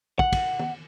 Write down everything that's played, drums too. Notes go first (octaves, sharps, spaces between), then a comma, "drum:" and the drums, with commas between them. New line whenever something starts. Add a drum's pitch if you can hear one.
F#5, drum: kick
drum: kick, cymbal
drum: tom